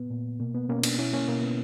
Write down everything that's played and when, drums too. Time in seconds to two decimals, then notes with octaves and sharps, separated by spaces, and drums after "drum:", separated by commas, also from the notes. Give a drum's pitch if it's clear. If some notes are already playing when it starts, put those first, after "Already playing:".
Already playing: A#2 B3
0.10 A#2
0.40 B2 A#3
0.54 B3
0.69 B2 A#3 C#4
0.83 B3 D4, drum: cymbal
0.98 B2 C#4 E4
1.13 A#3 C#4
1.28 B2 A#3
1.43 B3